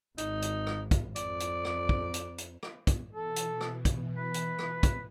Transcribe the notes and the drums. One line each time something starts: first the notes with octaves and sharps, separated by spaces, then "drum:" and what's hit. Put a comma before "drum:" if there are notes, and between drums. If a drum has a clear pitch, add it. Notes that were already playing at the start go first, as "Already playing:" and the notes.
G#1 D#4, drum: hi-hat
drum: hi-hat
drum: rim click
drum: kick, hi-hat
F2 D5, drum: hi-hat
drum: hi-hat
drum: rim click
drum: kick
drum: hi-hat
drum: hi-hat
drum: rim click
drum: kick, hi-hat
B2 E3 A4
drum: hi-hat
drum: rim click
drum: kick, hi-hat
B4
drum: hi-hat
drum: rim click
drum: kick, hi-hat